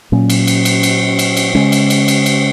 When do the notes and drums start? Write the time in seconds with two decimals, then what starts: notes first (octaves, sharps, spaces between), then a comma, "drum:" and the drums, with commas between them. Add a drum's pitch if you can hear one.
0.12 A#2 F#3 A#3 C#4
0.30 drum: cymbal
0.47 drum: cymbal
0.65 drum: cymbal
0.83 drum: cymbal
1.19 drum: cymbal
1.37 drum: cymbal
1.55 C#3 G#3 C#4
1.72 drum: cymbal
1.90 drum: cymbal
2.08 drum: cymbal
2.26 drum: cymbal